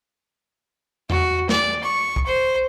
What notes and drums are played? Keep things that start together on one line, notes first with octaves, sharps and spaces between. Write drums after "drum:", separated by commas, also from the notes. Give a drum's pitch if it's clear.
F#4, drum: tom E2
D5, drum: snare
C#6
drum: kick
C5